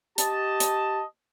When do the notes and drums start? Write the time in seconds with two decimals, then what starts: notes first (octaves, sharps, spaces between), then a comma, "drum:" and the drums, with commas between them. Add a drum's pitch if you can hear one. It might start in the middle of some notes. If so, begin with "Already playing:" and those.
0.18 G4 D#5 A5, drum: hi-hat
0.60 drum: hi-hat